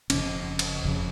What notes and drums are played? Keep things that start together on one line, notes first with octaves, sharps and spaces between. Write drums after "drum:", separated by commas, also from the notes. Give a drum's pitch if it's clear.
F1 F2 C#3 C#4, drum: cymbal
drum: cymbal
F1 F2 C#3